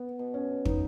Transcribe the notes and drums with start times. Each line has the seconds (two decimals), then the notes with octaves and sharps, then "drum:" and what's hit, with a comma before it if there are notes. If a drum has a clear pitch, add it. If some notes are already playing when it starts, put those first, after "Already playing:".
Already playing: B3
0.19 B2
0.34 C#4
0.65 B2 D#4, drum: kick